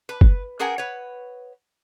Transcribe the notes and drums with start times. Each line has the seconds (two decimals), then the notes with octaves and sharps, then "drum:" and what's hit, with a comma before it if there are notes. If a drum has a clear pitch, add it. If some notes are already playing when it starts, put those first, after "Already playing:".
0.09 B4
0.21 drum: kick
0.59 C#4 G#4 A#4 F#5 G5
0.78 B4 C#5